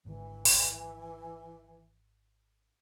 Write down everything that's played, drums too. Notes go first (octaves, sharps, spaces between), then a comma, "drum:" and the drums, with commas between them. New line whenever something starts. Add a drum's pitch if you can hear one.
G#1 G#2 D3 E3
drum: open hi-hat